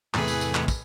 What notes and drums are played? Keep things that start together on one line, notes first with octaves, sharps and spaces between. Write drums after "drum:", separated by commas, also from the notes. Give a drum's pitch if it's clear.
E2 A2 C3 E3 A3 G#4 B4 G#5, drum: clap
drum: tambourine
drum: tambourine
drum: clap
drum: kick, tambourine